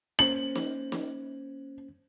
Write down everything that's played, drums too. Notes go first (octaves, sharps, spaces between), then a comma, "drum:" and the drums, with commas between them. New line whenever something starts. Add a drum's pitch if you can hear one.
A#3 C#4 C5 F#7
drum: snare
drum: snare